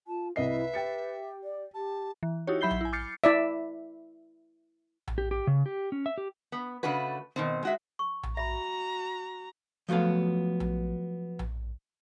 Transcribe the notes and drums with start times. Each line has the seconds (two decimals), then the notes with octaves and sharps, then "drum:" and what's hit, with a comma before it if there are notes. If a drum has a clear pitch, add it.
0.07 F4 A5
0.36 C2 E4 B4 D#5 E5 C7
0.74 G4 G5 A6 C#7
1.44 D5
1.74 G4 A5
2.23 E3
2.47 D#4 E4 F#4 G4 C#5
2.61 F#3 E5 B5 G6 C7 G7
2.71 drum: tom A#1
2.81 E4 G#5
2.93 D6 F6 G6 A6 C7 C#7
3.24 E4 D5 E5
5.08 drum: tom A#1
5.18 G4
5.31 G4
5.47 C#3
5.66 G4
5.92 C#4
6.06 E5
6.18 G4
6.52 B3
6.83 C#3 A3 D4 F#4 B4
7.36 B2 D#3 C4
7.63 G#3 F#4 E5
7.99 C#6
8.23 drum: tom A#1
8.37 F#4 E5 A#5 B5
9.89 F3 F#3 A3 B3 F5
10.60 drum: tom A#1
11.39 drum: tom A#1